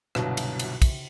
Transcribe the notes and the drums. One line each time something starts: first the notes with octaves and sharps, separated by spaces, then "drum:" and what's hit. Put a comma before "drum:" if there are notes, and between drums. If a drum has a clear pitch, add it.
G1 C2 G2 B2 F#3, drum: rim click
drum: cymbal
drum: cymbal
drum: kick, cymbal